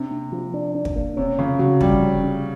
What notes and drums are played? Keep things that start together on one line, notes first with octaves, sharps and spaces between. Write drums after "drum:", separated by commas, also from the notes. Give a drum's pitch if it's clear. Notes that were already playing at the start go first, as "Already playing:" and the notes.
Already playing: C3 D4
A#3
F3
D4
D4
drum: kick
A#3
C3 C#4
C#3 F3
C#3 F#3
F3 G3, drum: kick
C#4
C#4